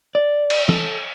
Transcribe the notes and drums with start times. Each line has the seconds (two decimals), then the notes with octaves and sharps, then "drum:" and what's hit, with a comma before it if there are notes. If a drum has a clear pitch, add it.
0.15 D5
0.50 drum: cymbal
0.69 A4, drum: tom